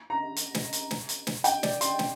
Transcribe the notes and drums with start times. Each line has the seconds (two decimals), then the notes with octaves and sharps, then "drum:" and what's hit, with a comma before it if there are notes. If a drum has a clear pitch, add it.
0.10 A#5
0.36 drum: hi-hat
0.55 drum: snare
0.73 drum: hi-hat
0.91 drum: snare
1.09 drum: hi-hat
1.27 drum: snare
1.44 G5, drum: hi-hat
1.63 D5, drum: snare
1.81 C6, drum: hi-hat
1.99 drum: snare